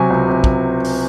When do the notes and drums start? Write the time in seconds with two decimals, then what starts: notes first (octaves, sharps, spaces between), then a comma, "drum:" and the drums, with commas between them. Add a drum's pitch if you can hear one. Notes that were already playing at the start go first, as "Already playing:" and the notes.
Already playing: C3 F#3 G#5
0.10 C#2
0.28 C3
0.44 drum: kick
0.84 drum: open hi-hat